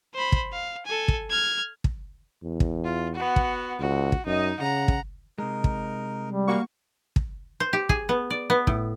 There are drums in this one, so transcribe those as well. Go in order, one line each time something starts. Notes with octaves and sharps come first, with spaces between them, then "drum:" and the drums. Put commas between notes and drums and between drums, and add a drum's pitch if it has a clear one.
C5 B5
drum: kick
F5
A4 G#5
drum: kick
F6 G#6
drum: kick
E2
drum: kick
F4
B3 F#4
drum: kick
C#2 F#4
drum: kick
F#2 D#4 D#5
C#3 F#5 A#5
drum: kick
C3 G#3 D#4 A#4
drum: kick
G3
A#3 F#4 F5 C#6
drum: kick
C5
G4
G#4, drum: kick
B3
D5
B3
A2, drum: kick